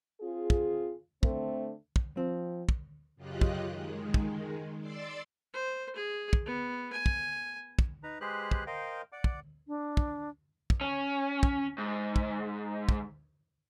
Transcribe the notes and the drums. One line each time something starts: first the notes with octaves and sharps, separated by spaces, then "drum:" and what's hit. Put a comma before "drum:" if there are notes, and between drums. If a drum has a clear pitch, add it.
C4 F4 G#4
drum: kick
D3 A3 C4, drum: kick
drum: kick
F3 C4
drum: kick
F#2 C#3 F4 G4 D#5 F#6
drum: kick
D#3 G#3
drum: kick
D5 C6 D6 E6 A6 C7
C5
G#4
drum: kick
B3
G#5
drum: kick
drum: kick
D#4 B4 A#5
G#3 G4 G#4 B4 C5 F#6
drum: kick
A#4 C5 D#5 F5 G5
D5 F#5 D6
drum: kick
D4
drum: kick
drum: kick
C#4
drum: kick
G#2
drum: kick
drum: kick